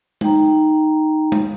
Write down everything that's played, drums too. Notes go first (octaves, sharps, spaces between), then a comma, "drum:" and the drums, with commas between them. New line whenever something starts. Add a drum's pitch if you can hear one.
D#4 G5 A#5, drum: tom G#3
drum: tom G#3